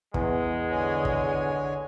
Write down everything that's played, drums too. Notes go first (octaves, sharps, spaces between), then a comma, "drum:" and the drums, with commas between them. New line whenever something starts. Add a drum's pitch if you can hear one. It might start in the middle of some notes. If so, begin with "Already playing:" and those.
E2 G#3, drum: kick
D3 C#5 G#5
drum: kick